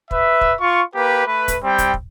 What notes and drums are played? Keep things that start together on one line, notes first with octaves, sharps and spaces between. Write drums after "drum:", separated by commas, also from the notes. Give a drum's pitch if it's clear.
B4 E5, drum: kick
drum: kick
F4 C#6
A#3 G4 B4
A3 B4
drum: kick, hi-hat
G3 C4 G5
drum: kick, hi-hat
drum: kick